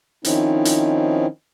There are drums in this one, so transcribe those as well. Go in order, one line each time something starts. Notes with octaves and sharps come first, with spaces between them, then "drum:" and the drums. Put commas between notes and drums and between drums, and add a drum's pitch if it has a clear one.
D#3 F3 C4 C#4 D#4 E4, drum: hi-hat
drum: hi-hat